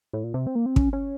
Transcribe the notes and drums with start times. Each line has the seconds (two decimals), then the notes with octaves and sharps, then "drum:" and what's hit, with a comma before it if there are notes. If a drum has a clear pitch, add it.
0.13 A2
0.24 A#2
0.34 C3
0.47 C4
0.55 A#3
0.66 C4
0.76 C#4, drum: kick
0.93 C#4